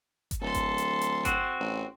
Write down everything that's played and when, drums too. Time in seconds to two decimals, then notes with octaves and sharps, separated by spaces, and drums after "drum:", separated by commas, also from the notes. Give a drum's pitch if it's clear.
0.31 drum: kick G1, hi-hat
0.41 D1 A4 C6
0.54 drum: kick G1, hi-hat
0.78 drum: hi-hat
1.01 drum: hi-hat
1.25 C4 F#4, drum: kick G1, hi-hat
1.60 A1